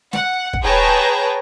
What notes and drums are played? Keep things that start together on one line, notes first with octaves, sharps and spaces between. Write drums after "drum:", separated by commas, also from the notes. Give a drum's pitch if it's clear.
F#5, drum: snare
drum: kick
G#4 B4 C#5 G5 A5 A#5